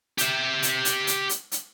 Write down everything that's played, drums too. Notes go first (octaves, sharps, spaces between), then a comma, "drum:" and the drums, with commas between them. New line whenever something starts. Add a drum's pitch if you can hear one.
G4 E5, drum: hi-hat
drum: hi-hat
drum: hi-hat
drum: hi-hat
drum: hi-hat
drum: hi-hat